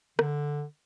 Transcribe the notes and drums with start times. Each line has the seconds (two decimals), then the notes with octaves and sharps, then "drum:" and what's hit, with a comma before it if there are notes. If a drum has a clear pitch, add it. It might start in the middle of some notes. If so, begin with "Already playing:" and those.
0.19 D3, drum: rim click